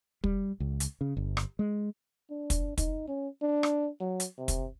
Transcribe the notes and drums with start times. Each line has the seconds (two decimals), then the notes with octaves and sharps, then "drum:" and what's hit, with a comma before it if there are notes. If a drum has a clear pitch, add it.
0.24 G3, drum: kick
0.60 C#2
0.80 drum: hi-hat
1.01 C#3
1.17 G1
1.37 drum: rim click
1.59 G#3
2.31 D4
2.50 drum: kick, hi-hat
2.78 D#4, drum: kick, hi-hat
3.08 C#4
3.42 D4
3.63 drum: rim click
4.00 F#3
4.20 drum: hi-hat
4.38 C3
4.48 drum: kick, hi-hat